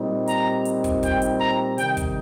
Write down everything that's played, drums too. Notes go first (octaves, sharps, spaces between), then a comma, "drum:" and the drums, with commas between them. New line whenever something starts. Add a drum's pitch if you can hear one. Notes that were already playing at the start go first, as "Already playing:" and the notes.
Already playing: A#2 G3 C4 D#4
A#5, drum: hi-hat
drum: hi-hat
drum: kick, hi-hat
G5, drum: kick, hi-hat
drum: hi-hat
A#5
C3 D#3 G3 D#4 G5, drum: hi-hat
drum: kick, hi-hat